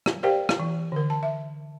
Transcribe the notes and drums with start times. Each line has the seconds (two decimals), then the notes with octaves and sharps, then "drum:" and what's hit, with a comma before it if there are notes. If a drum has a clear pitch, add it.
0.06 drum: rim click
0.23 G4 A#4 C5 D5 F5 G5
0.49 drum: rim click
0.59 E3
0.92 D3 A#4
1.10 A5
1.23 E5